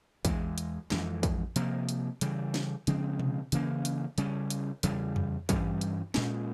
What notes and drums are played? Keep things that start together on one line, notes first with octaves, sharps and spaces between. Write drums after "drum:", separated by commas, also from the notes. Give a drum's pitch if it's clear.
E2 E3 G#3, drum: kick, hi-hat
drum: hi-hat
F2 E3 G#3, drum: snare
drum: kick, hi-hat
C3 F3 A#3, drum: hi-hat
drum: hi-hat
C#3 E3 G3, drum: hi-hat
drum: snare
C#3 F3 G#3 C4, drum: hi-hat
drum: tom B2
C#3 E3 A#3 C#4, drum: hi-hat
drum: hi-hat
C#3 G3 C#4, drum: hi-hat
drum: hi-hat
E2 C#3 G3, drum: hi-hat
drum: tom F2
G2 E3 G3 C#4, drum: kick, hi-hat
drum: hi-hat
A#2 G#3 C#4, drum: snare